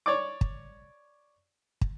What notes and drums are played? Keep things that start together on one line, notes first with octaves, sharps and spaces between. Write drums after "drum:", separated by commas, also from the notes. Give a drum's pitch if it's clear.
C#5 D5 D6
drum: kick
drum: kick